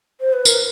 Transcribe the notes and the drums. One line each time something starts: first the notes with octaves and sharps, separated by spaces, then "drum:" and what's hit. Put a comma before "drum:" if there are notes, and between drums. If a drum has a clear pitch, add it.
C5
B4
A#4, drum: tambourine